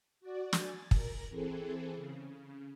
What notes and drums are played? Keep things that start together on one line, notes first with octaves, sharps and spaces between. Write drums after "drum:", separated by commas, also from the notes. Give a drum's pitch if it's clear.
F#4 D5
G#5 A6, drum: snare
A#4, drum: kick
E3 C4 G#4 A4
C#3